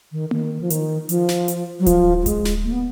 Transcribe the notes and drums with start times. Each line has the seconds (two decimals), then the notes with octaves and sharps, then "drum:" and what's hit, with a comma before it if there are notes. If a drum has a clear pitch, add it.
0.12 D#3
0.31 D#3, drum: tom A#3
0.61 F3
0.70 D#3, drum: hi-hat
1.09 F3, drum: hi-hat
1.29 drum: snare
1.48 drum: hi-hat
1.80 F#3
1.86 F3, drum: kick D1, hi-hat
2.22 F#3
2.26 G#3, drum: kick D1, hi-hat
2.45 drum: snare
2.64 A#3
2.72 B3